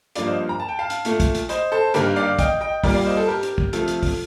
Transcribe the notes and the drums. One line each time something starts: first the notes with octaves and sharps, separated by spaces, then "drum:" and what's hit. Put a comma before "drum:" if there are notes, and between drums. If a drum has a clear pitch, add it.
G2 F3 A#3 D5 F5, drum: hi-hat
C5 D#5
A#5
A5
G5
F5 A5
drum: hi-hat
A#2 A3, drum: hi-hat
drum: kick, hi-hat
drum: hi-hat
C5 D#5, drum: hi-hat
A4 C5
G2 D#3 A#3 G4 A#4, drum: hi-hat
D5 F5
D#5 G5, drum: kick, hi-hat
D#5 G5
A#2 G3 A#3 A#4 D5, drum: kick, open hi-hat
G5
D5 F5
C5 D#5
A4 C5
G4 A#4
drum: hi-hat
drum: kick
C3 F3 A3 F4 A4, drum: hi-hat
drum: hi-hat
drum: kick, open hi-hat